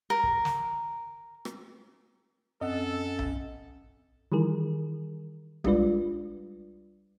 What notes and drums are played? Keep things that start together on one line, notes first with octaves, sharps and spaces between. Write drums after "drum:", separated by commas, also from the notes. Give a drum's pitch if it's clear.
A#4
drum: kick
drum: snare
drum: rim click
F#2 C4 C#4 A4 D#5 F#5
drum: tom B1
D#3 E3 G3 G#4 A#4
G3 G#3 D4 F4 B4 D5, drum: tom B1